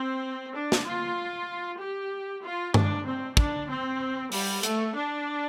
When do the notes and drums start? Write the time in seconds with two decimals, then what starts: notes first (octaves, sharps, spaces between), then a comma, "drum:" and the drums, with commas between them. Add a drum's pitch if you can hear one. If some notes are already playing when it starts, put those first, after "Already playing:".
Already playing: C4
0.53 D4
0.72 drum: snare
0.85 F4
1.79 G4
2.43 F4
2.74 D4, drum: tom G2
3.05 C4
3.37 D4, drum: kick
3.68 C4
4.32 G3, drum: open hi-hat
4.63 A3, drum: hi-hat
4.94 D4